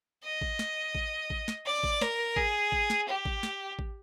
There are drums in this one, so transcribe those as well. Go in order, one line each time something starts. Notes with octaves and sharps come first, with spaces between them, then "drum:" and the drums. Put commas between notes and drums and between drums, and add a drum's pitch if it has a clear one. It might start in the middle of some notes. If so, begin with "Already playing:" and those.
D#5
drum: kick A1
drum: snare
drum: kick A1
drum: kick A1
drum: snare
D5
drum: kick A1
A#4, drum: snare
G#4, drum: kick A1
drum: kick A1
drum: snare
G4
drum: kick A1
drum: snare
drum: kick A1